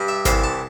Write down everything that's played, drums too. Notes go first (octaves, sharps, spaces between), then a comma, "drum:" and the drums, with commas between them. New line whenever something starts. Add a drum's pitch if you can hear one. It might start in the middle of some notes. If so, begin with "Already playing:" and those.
Already playing: G2 G3
E5
C2 C3 E3 F5, drum: snare G#1
A5